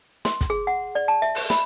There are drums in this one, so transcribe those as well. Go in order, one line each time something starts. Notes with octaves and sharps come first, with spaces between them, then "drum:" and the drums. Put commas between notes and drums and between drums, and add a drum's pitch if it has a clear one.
C6, drum: snare
drum: kick, hi-hat
G#4
F#5
D5
A5
E5
drum: open hi-hat
B5, drum: snare